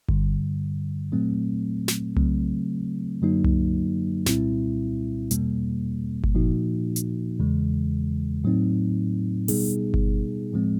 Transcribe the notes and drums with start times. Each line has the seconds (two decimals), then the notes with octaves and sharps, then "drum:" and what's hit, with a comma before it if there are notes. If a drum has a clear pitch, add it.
0.08 G2 D3 G3, drum: kick G1
1.12 A#2 F#3 A3 C4
1.88 drum: snare
2.17 C#3 F#3 A3 C4, drum: tom C2
3.22 F#2 D3 F#3 A#3 D#4
3.44 drum: tom C2
4.26 C2 A#2 G3 C4 E4, drum: snare
5.31 E2 B2 G3 A#3, drum: hi-hat
6.24 drum: kick G1
6.35 A#2 F3 A#3 D#4 F#4
6.96 drum: hi-hat
7.40 E2 C#3 E3 G#3
8.44 A2 F#3 A3 C4 D#4
9.48 B2 G3 B3 D#4 G#4, drum: open hi-hat
9.94 drum: kick G1
10.53 A2 F3 G#3 C4